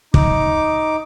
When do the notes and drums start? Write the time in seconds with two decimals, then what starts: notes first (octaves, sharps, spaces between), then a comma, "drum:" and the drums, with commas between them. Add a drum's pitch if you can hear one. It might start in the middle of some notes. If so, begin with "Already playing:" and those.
0.14 D#4 D6, drum: kick